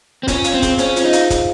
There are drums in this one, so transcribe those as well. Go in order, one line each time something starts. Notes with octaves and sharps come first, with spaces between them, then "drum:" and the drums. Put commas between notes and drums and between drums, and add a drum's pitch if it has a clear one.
C4
C#4 F4, drum: kick, hi-hat
F5, drum: hi-hat
C4
G#4, drum: kick, hi-hat
C#4 C5, drum: hi-hat
F4, drum: hi-hat
D#4
F5, drum: hi-hat
G#4, drum: kick, hi-hat